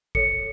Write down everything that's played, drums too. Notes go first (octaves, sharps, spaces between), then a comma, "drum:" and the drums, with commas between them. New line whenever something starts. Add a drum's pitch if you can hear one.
A4 C#5 C#7, drum: kick